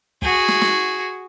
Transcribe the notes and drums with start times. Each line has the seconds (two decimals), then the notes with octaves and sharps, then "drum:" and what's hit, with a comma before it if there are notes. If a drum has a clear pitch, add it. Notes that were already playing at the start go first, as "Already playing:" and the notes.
0.22 F#4 G#4, drum: kick
0.48 drum: snare
0.61 drum: snare